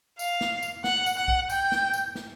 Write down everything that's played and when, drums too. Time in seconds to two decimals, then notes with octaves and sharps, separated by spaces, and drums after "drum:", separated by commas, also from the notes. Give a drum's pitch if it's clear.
0.19 F5, drum: tambourine
0.41 drum: snare
0.63 drum: tambourine
0.84 F#5, drum: snare
1.06 drum: tambourine
1.17 F#5
1.28 drum: kick B1
1.50 G5, drum: tambourine
1.72 drum: snare
1.94 drum: tambourine
2.15 drum: snare